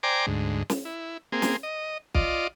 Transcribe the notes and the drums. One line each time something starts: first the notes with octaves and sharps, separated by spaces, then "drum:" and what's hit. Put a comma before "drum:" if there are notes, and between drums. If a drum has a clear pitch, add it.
C5 D5 G5 G#5 A#5 D6
D2 G#2
drum: snare
E4
A#3 C4 G#4
drum: snare
D#5
F4 D5 D#5, drum: kick B1